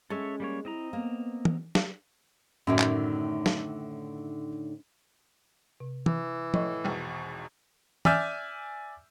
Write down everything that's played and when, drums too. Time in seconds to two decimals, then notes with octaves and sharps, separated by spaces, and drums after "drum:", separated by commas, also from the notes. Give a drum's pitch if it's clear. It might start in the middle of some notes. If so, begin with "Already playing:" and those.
0.10 G#3 C#4 A4 C#5 E5
0.40 G3 A#3 C#5
0.65 C4 E4 D#5 A#5
0.93 A#3 B3
1.45 drum: tom
1.75 drum: snare
2.67 F#2 A2 D3 D#3
2.79 drum: clap
3.46 drum: snare
5.80 C3
6.06 E3, drum: tom
6.54 A2 C#5 D#5 C#6, drum: tom
6.84 G#1 E2 B2
8.05 D5 E5 G#5 E6 F6 G6, drum: tom